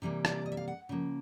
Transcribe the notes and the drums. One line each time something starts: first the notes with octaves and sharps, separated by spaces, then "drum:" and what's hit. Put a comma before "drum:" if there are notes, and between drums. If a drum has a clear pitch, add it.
C3 E3 G3 A#3
D5, drum: rim click
D#5
E5
F5
F#5
C#3 F3 A#3